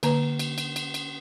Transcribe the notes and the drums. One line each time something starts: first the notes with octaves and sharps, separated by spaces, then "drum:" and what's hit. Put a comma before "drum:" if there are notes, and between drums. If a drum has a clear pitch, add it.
D3 A#3 B4 A#5, drum: cymbal
drum: cymbal
drum: cymbal
drum: cymbal
drum: cymbal